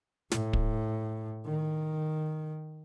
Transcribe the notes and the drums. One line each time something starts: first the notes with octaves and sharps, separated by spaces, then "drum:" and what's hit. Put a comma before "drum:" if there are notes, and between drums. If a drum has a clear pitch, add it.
A2, drum: snare
drum: kick
D#3